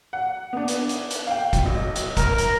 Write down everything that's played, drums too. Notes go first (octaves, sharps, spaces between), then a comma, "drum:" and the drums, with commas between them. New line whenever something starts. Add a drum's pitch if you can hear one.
F#5
B3 D4
drum: hi-hat
drum: hi-hat
drum: hi-hat
F5 G5
drum: kick, hi-hat
B1
drum: hi-hat
A#4 A#5, drum: kick, hi-hat
drum: hi-hat